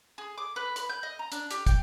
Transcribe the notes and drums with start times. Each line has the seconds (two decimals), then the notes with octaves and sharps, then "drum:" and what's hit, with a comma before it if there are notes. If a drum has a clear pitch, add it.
0.18 G#4
0.38 D6
0.56 B4
0.76 B5, drum: hi-hat
0.89 G6
1.03 D#5
1.19 A#5
1.32 D4, drum: hi-hat
1.51 G4, drum: hi-hat
1.67 G5, drum: kick, hi-hat